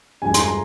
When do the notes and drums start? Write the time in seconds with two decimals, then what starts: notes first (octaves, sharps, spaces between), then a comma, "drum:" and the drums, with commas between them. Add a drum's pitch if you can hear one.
0.22 G2 F3 G#3 G#5
0.34 C6, drum: hi-hat
0.46 A#5